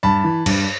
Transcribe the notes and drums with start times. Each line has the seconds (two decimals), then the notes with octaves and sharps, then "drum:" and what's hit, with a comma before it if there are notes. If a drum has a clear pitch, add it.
0.03 G2 A5 B5
0.24 E3
0.46 G2, drum: cymbal